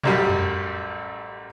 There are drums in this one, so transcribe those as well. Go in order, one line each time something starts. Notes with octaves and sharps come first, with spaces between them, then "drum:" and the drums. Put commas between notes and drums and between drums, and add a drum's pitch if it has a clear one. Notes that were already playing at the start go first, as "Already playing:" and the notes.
A1 F#2 G3, drum: tom B2
drum: tom F2